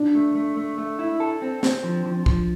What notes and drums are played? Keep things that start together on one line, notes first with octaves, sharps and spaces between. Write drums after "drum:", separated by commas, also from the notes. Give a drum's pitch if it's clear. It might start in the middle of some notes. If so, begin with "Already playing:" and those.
Already playing: D4
A3
A3
A3
A3
E4
A4
C4
C4, drum: snare
F3
F3
F3, drum: kick